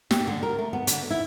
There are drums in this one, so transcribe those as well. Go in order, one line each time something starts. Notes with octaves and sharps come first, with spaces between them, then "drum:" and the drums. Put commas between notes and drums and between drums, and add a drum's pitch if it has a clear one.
G4, drum: snare
D3
A#4
A3
B3
D3, drum: hi-hat
E4